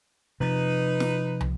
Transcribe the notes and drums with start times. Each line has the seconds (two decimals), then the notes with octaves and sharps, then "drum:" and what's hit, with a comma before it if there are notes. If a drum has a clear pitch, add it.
0.40 C3 F3 D#4 B4
1.00 drum: snare
1.40 drum: tom